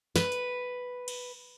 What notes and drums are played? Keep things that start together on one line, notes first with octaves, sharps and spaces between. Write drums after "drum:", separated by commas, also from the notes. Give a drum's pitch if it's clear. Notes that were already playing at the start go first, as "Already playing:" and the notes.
B4, drum: snare
drum: hi-hat
drum: cymbal